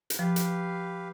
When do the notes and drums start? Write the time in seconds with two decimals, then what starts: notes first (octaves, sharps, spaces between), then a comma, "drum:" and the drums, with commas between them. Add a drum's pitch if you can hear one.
0.10 drum: hi-hat
0.19 F3 G4 B4 F5
0.36 drum: hi-hat